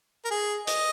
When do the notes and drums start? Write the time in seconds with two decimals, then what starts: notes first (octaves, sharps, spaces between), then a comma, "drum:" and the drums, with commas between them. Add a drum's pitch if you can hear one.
0.25 A#4
0.31 G#4
0.67 D#5, drum: hi-hat